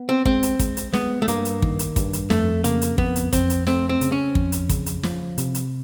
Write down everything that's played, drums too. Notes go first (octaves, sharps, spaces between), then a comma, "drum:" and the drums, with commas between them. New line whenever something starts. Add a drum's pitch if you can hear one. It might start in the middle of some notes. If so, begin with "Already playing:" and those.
Already playing: B3
C4
G#3 C4, drum: kick
drum: hi-hat
G#3, drum: kick, hi-hat
drum: hi-hat
G#3 B3, drum: snare
A3
G2 A#3, drum: hi-hat
drum: hi-hat
D#3, drum: kick
drum: hi-hat
G2, drum: kick, hi-hat
drum: hi-hat
F2 A3, drum: snare
C#3 A#3, drum: hi-hat
drum: hi-hat
F2 B3, drum: kick
drum: hi-hat
F2 C4, drum: kick, hi-hat
drum: hi-hat
A3 C4, drum: snare
C4
C#3, drum: hi-hat
C#4
F2, drum: kick
drum: hi-hat
C#3, drum: kick, hi-hat
drum: hi-hat
F3, drum: snare
C3, drum: hi-hat
drum: hi-hat